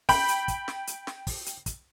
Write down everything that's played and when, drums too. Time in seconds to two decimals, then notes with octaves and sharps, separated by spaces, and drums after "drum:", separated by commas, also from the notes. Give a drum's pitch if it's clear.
0.09 G5 B5, drum: kick, open hi-hat
0.28 drum: hi-hat
0.48 drum: kick, hi-hat
0.68 drum: snare
0.87 drum: hi-hat
1.07 drum: snare
1.27 drum: kick, open hi-hat
1.46 drum: hi-hat
1.66 drum: kick, hi-hat